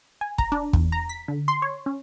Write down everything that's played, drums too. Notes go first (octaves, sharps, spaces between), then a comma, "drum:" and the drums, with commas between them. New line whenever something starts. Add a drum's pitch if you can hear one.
G#5
A#5, drum: kick
D4
E2, drum: kick
A#5
B6
D3
C6
C#5
C#4